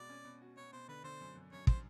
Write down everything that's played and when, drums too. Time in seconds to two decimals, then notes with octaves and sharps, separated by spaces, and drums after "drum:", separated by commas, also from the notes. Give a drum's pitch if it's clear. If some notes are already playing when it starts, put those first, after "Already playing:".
Already playing: B2 G#3 F#4 D5
0.09 C#4
0.25 B2
0.41 F#4
0.57 B2 C#5
0.73 B2 C5
0.88 D3 B4
1.04 D3 C5
1.21 F#2
1.36 F#2
1.52 F#2 C#5
1.67 C5, drum: kick